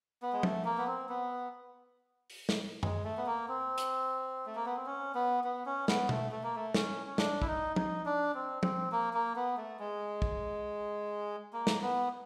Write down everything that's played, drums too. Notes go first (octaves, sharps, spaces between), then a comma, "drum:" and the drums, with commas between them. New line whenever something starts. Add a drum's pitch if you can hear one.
B3
G#3
A3, drum: tom
A#3
B3
C4
B3
drum: open hi-hat
drum: snare
G#3, drum: tom F#2
A3
B3
A#3
C4
drum: hi-hat
A3
A#3
B3
C4
C#4
B3
B3
C#4
B3, drum: snare
A3, drum: tom
A3
A#3
A3
C#4, drum: snare
C#4
D4, drum: snare
E4, drum: kick
D#4
D#4, drum: tom
D4
C4
C4, drum: tom
A#3
A#3
B3
A3
G#3
drum: kick
A#3
drum: snare
B3